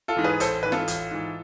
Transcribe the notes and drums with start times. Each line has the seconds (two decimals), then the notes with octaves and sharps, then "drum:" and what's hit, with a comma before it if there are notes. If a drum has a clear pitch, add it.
0.08 F4 A4
0.17 G#2 E3
0.24 G#4 B4
0.40 A1 A4 C5, drum: hi-hat
0.63 G#2 E3 B4
0.72 F4 A4, drum: snare
0.88 A1, drum: hi-hat
1.11 G#2 E3